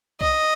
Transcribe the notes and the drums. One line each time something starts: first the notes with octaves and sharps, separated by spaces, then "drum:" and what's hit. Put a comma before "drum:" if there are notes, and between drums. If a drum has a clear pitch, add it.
D#5, drum: kick C2